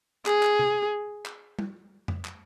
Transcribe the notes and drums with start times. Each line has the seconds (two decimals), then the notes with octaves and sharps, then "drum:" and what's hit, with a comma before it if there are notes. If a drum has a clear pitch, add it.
0.26 G#4, drum: clap
0.43 drum: clap
0.59 drum: tom
1.25 drum: clap
1.59 drum: tom G3
2.08 drum: tom F2
2.25 drum: clap